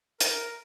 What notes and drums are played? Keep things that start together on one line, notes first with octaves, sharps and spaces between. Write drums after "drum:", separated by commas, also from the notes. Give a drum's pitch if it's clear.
A#4, drum: hi-hat